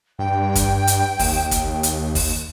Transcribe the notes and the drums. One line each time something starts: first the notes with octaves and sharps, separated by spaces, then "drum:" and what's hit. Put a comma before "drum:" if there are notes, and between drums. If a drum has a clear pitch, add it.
G2 G5
drum: kick, hi-hat
drum: hi-hat
D#2, drum: kick, open hi-hat
drum: kick, hi-hat
drum: hi-hat
drum: kick, open hi-hat